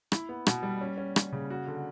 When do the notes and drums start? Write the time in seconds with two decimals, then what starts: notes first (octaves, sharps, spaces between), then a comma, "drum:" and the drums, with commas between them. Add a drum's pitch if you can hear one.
0.12 E4, drum: rim click
0.29 B3
0.46 B2, drum: rim click
0.63 G3
0.81 C#4
0.98 C#4
1.16 C#4, drum: rim click
1.32 C#3
1.50 F#4
1.67 D3